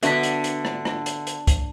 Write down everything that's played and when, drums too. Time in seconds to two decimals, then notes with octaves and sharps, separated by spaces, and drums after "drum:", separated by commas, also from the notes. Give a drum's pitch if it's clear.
0.03 D3 B3 D4 F#4 E5 B6, drum: hi-hat
0.23 drum: hi-hat
0.44 drum: hi-hat
0.65 drum: rim click
0.85 drum: rim click
1.06 drum: hi-hat
1.27 drum: hi-hat
1.47 drum: kick C2, hi-hat